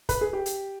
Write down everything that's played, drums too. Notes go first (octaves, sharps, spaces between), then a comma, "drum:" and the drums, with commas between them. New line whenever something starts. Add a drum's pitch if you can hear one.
B4, drum: kick, hi-hat
G#4
G4
drum: hi-hat